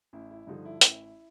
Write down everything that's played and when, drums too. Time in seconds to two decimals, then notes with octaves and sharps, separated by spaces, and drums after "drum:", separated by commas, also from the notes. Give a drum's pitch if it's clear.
0.13 A1 E4
0.31 E4
0.47 G2 D3 F3 D#4
0.65 E4
0.81 A1, drum: hi-hat